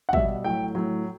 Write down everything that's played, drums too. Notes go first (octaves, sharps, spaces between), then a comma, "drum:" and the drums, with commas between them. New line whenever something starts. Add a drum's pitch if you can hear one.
F#5
B2 G3 E5, drum: kick
A2 F#3 G5
A2 F#3